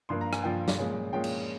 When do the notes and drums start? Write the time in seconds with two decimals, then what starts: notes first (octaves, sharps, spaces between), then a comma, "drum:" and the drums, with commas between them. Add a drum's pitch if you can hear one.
0.09 G2 F3 A#3 C6
0.21 A#5
0.33 G#5, drum: rim click
0.43 G2 F3 A#3 G5
0.68 drum: snare
0.79 A#2 F3 G#3 C#4
1.13 A#2 F3 G#3 C#4 G5
1.24 drum: cymbal